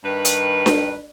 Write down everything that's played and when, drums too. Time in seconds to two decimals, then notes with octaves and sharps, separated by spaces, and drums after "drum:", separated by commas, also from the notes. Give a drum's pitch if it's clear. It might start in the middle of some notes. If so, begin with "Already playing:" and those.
0.04 G2 D#3 B4
0.25 drum: hi-hat
0.66 drum: snare D4